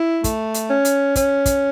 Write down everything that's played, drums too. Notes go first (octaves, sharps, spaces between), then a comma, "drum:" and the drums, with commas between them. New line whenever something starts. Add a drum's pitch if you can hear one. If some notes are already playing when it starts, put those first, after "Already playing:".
Already playing: E4
A3, drum: kick, hi-hat
drum: hi-hat
C#4
drum: hi-hat
C#4, drum: kick, hi-hat
drum: kick, hi-hat